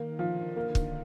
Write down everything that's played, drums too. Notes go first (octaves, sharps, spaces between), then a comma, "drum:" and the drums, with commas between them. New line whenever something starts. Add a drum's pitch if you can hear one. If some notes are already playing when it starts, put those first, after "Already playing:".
Already playing: D#3 A#3
D3 F3
D3 A#3
drum: kick